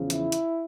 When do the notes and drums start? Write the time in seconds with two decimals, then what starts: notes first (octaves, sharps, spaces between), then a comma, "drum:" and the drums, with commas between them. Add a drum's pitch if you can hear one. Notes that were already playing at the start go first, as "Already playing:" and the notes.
Already playing: E2 C#3 F3
0.10 E4, drum: hi-hat
0.32 drum: hi-hat